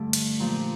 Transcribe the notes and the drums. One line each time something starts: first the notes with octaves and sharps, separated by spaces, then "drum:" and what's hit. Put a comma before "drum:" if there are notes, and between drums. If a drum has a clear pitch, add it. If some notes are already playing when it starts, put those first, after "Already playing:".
Already playing: G2 D3 A3
drum: cymbal
A#2 F3 A#3 D4 G4